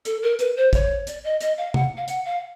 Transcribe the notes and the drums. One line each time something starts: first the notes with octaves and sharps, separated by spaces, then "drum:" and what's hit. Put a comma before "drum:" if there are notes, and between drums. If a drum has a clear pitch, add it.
A4, drum: hi-hat
A#4
B4, drum: hi-hat
C5
C#5, drum: kick, hi-hat
D5, drum: hi-hat
D#5
D#5, drum: hi-hat
F5
F#5, drum: tom
F5
F#5, drum: hi-hat
F5